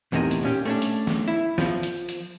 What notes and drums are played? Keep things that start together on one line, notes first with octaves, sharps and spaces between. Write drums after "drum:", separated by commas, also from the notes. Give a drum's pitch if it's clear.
E2 A2 C3 D#3 D#5 G#5
drum: hi-hat
A#2 C#4 G4
A3 C#4 D4
drum: hi-hat
drum: snare
E4
F3, drum: snare
drum: hi-hat
drum: hi-hat